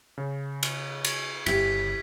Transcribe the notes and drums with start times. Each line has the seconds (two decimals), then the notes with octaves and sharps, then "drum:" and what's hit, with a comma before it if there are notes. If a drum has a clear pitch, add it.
0.18 C#3
0.63 drum: cymbal
1.05 drum: cymbal
1.46 G1 E4 G4 B6, drum: cymbal